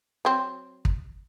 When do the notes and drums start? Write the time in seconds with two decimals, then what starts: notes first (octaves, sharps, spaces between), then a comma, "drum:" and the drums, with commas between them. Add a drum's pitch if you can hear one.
0.25 F#3 C4
0.85 drum: kick